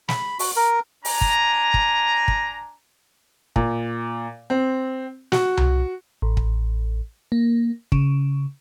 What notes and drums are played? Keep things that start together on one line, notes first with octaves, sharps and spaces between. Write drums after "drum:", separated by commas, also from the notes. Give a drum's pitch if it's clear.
B5, drum: snare
F#4, drum: open hi-hat
A#4
D4 G#5 A#5, drum: open hi-hat
drum: kick
drum: kick
drum: kick
A#2, drum: kick
C4
F#4, drum: snare
drum: tom C2
A1
drum: kick
A#3
C#3, drum: kick